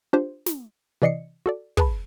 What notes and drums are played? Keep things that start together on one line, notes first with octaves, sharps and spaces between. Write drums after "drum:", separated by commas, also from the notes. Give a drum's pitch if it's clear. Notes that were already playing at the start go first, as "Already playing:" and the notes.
D4 F4 G4 C5
drum: snare
C3 E3 D5 D#5 C7 C#7
F#4 A4 D5
G#4 B4 A5 B5, drum: kick